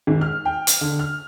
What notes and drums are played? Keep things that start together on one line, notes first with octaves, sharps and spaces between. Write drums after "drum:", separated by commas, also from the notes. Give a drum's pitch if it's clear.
G#1
F6
G5
drum: hi-hat
D3
F6